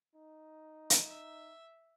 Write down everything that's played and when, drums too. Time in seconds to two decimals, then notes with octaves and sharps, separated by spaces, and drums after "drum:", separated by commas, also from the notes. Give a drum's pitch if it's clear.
0.15 D#4
0.90 drum: hi-hat
1.08 E5